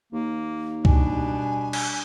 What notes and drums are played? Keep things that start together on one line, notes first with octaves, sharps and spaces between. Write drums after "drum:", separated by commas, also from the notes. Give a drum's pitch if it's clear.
D#2 A#3
B2 G3 D4 G#5, drum: kick
drum: cymbal